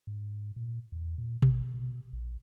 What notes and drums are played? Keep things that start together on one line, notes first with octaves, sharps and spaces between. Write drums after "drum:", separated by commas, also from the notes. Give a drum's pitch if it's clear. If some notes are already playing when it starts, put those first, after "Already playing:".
G#2
A#2
E2
A#2
A1, drum: tom B2
B2
A#1